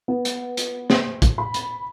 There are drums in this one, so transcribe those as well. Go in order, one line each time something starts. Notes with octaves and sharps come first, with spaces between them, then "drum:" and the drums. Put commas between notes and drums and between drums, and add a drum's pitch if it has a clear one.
B3
drum: hi-hat
drum: hi-hat
drum: snare
drum: kick, hi-hat
B5
drum: hi-hat